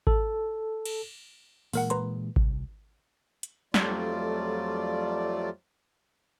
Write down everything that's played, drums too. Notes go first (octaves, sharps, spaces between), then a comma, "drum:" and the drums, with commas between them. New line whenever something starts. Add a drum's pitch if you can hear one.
A4, drum: kick G#1
drum: cymbal
A#2 E3 G#3 A#3 A#4 F#5, drum: open hi-hat
B4 A#5 C6, drum: hi-hat
C2, drum: kick G#1
drum: hi-hat
F2 F#3 G3 A3 F4 D5, drum: snare